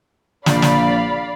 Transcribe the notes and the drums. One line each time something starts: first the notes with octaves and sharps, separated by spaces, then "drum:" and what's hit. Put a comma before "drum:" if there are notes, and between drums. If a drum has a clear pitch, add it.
A#1 D5 F5 B5, drum: snare
drum: snare